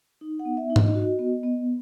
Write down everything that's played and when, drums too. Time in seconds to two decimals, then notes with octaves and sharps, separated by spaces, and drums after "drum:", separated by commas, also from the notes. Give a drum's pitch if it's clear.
0.21 D#4
0.39 F#5
0.45 B3
0.57 E5
0.70 D#4
0.76 D#5, drum: tom G#2
0.95 F#4
1.19 B3
1.44 B3